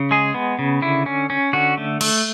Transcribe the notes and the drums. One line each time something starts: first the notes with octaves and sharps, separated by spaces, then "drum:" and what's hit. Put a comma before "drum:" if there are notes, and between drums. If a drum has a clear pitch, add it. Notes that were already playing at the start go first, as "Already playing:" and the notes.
Already playing: C#3
G#3 G#4
B3
C#3
D3 E4
C#4
C#4
D3 F#4
A3
A3, drum: cymbal